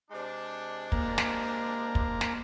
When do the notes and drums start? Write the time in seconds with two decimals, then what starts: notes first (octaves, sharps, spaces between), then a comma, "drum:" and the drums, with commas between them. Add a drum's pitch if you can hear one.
0.11 C3 G#3 D4
0.92 A#3, drum: kick
1.18 drum: snare
1.95 drum: kick
2.21 drum: snare